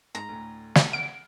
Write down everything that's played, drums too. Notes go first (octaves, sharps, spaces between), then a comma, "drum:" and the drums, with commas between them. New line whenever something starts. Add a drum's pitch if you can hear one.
G#2 A#5
D2 A2
A4 F#5, drum: snare
F#5 F6 D7